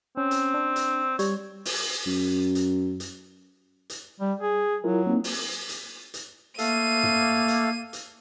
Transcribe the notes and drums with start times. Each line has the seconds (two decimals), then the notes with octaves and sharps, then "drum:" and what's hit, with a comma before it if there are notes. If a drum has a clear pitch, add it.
0.17 C4 C#4
0.31 drum: hi-hat
0.54 D4
0.76 drum: hi-hat
1.19 G3 C#5, drum: hi-hat
1.65 drum: open hi-hat
2.06 F#2
2.55 drum: hi-hat
3.00 drum: hi-hat
3.90 drum: hi-hat
4.20 G3
4.40 G#4
4.84 F#3 E4 F4 A#4
5.07 A#3 C4 D#4
5.24 drum: open hi-hat
5.69 drum: hi-hat
6.14 drum: hi-hat
6.58 A3 A#3 A4 F5 D#7, drum: hi-hat
7.03 drum: tom
7.48 drum: hi-hat
7.93 drum: hi-hat